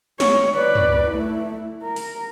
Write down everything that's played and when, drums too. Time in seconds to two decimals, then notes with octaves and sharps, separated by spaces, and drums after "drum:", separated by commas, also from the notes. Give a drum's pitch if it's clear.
0.20 C#5, drum: snare
0.55 B4 D5
0.75 drum: tom
1.10 A3 E4
1.82 A#4
1.96 drum: open hi-hat